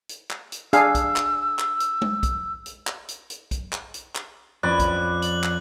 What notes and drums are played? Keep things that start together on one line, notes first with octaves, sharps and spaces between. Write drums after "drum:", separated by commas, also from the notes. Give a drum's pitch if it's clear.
drum: hi-hat
drum: clap
drum: hi-hat
D4 G#4 F5 E6, drum: hi-hat
drum: kick B1, hi-hat
drum: clap
drum: clap
drum: hi-hat
drum: tom G#3
drum: kick B1, hi-hat
drum: hi-hat
drum: clap
drum: hi-hat
drum: hi-hat
drum: kick B1, hi-hat
drum: clap
drum: hi-hat
drum: clap
F2 C#4 D5 B5 F#6
drum: kick B1, hi-hat
F#7, drum: hi-hat
drum: clap